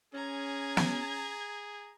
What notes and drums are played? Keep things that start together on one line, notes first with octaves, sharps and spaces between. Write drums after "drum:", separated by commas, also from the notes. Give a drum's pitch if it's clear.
C#4 G#4 A#5 G#6
drum: snare